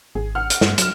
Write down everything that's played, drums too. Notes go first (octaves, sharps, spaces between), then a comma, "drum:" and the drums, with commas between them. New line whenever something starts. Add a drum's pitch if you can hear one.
G#1 G#4
F#5 F6
drum: hi-hat
G2, drum: snare
F#3 F6 E7, drum: hi-hat